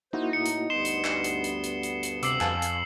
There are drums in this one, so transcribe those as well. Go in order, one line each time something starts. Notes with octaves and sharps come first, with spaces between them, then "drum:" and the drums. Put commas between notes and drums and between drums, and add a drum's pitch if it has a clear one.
A#3 D#4 E4 F#4 C5
A2 C#7
drum: hi-hat
D2 G2 B3 C6 C7 E7 G7
drum: hi-hat
drum: clap
drum: hi-hat
drum: hi-hat
drum: hi-hat
drum: hi-hat
drum: hi-hat
C3 D6 E6 C7 F#7, drum: hi-hat
F2 F5 G#5 A5, drum: clap
drum: hi-hat